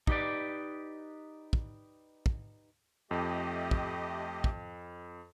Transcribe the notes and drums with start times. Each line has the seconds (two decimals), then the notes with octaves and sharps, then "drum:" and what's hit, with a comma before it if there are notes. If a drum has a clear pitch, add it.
0.07 D#4 G4 B4 D5, drum: kick
1.53 drum: kick
2.26 drum: kick
3.11 F2 A3 G4 D#5
3.71 drum: kick
4.44 drum: kick